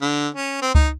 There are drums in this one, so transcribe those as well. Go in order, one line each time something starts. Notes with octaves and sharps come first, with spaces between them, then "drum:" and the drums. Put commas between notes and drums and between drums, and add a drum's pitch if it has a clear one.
D3
C#4
C4
D#4, drum: kick C#2